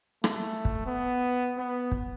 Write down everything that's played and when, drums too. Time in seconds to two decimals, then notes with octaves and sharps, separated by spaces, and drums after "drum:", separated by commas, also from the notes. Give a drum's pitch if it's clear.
0.24 A3, drum: rim click
0.65 drum: kick
0.86 B3
1.58 B3
1.92 drum: kick